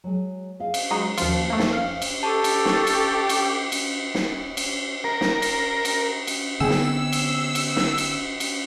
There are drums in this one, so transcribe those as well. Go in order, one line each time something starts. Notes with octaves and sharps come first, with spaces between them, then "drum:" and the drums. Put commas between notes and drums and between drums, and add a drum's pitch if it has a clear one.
F#3 G#3
G#4 D#5 F5
drum: cymbal
F#3 G#3 D#4
D#2 F3 F4 F#4 A5, drum: cymbal
F2 A3 A#3
drum: snare
F5
drum: cymbal
G4 A4 A5 C#6
drum: cymbal
drum: snare
drum: cymbal
drum: cymbal
drum: cymbal
drum: snare
drum: cymbal
A#4
drum: snare
drum: cymbal
drum: cymbal
drum: cymbal
D3 B3 C4 G#4 G5 G#5 E6
drum: snare
drum: cymbal
drum: cymbal
drum: snare
drum: cymbal
drum: cymbal